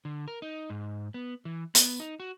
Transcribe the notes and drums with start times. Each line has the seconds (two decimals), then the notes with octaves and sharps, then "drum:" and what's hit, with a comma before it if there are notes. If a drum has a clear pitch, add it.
0.05 D3
0.28 A#4
0.42 D#4
0.70 G#2
1.14 B3
1.45 E3
1.75 B3, drum: hi-hat
2.00 D#4
2.20 F#4